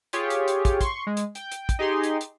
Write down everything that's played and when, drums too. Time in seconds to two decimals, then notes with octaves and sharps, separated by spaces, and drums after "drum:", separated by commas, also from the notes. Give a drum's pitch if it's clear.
0.13 F4 G4 G#4 C#5, drum: hi-hat
0.30 drum: hi-hat
0.48 drum: hi-hat
0.65 drum: kick, hi-hat
0.81 C6 C#6, drum: kick, hi-hat
1.07 G#3
1.17 drum: hi-hat
1.35 G5, drum: hi-hat
1.52 drum: hi-hat
1.69 drum: kick, hi-hat
1.79 D#4 G4 G#4 C6
2.03 drum: hi-hat
2.21 drum: hi-hat